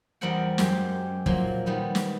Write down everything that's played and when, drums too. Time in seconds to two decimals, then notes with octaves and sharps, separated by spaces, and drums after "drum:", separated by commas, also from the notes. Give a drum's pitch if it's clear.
0.21 E2 G3 C4 A#4 F#5 G5
0.58 F#2 G#3 G4 C6, drum: snare
1.26 A#2 F3 F#3, drum: kick
1.66 D#3 G3 B3 B4
1.95 drum: snare